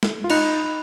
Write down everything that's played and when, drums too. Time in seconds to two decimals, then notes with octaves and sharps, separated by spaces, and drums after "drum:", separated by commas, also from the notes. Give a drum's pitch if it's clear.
0.03 drum: snare
0.24 F4
0.30 D#4 B5 F#6 C#7 F7, drum: cymbal